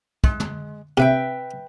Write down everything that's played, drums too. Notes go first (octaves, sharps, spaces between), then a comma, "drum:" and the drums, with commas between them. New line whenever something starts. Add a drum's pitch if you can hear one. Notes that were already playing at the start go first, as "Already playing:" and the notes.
G#3, drum: kick
drum: tom
C3 B4 E5 G5